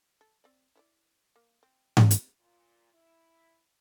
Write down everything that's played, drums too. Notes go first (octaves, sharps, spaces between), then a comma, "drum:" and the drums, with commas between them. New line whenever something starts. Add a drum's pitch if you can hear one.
A4
C4 D5
E4 C#5 D5
A#3
C4
drum: tom G#2
drum: hi-hat
A#2 F4
E4